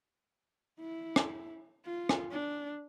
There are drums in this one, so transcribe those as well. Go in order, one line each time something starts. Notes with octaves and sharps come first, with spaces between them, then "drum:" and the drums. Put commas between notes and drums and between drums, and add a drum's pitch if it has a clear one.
E4
drum: rim click
F4
drum: rim click
D4